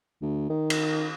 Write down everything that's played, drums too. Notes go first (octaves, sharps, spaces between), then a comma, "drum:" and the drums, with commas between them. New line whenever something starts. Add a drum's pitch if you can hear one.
D2
D#3
drum: cymbal